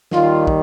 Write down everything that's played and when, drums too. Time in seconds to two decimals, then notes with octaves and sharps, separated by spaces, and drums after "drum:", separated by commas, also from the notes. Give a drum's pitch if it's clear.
0.11 D#2 D#3 G3 F4, drum: snare
0.47 drum: kick